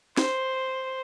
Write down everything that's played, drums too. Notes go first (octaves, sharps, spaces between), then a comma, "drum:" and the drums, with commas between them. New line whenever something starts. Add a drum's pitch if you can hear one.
C5, drum: snare